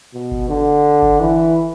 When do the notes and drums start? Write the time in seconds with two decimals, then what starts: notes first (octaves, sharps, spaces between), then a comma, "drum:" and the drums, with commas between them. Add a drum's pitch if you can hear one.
0.14 B2
0.32 drum: kick G1
0.49 D3
1.02 drum: kick G1
1.20 E3